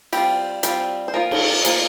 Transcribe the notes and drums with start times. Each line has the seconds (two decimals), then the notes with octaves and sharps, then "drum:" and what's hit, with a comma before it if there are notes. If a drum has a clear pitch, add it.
0.13 G3 C4 F4 G4, drum: cymbal
0.63 G3 C4 F4 G4, drum: hi-hat
1.08 C5
1.14 F3 A#3 F4 A#4
1.31 drum: cymbal
1.65 F3 A#3 F4, drum: hi-hat